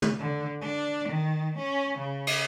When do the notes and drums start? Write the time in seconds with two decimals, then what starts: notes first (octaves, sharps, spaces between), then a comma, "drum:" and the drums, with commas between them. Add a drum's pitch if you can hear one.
0.02 drum: tom
0.19 D3
0.61 D4
1.09 D#3
1.58 C#4
1.98 C#3
2.27 drum: cymbal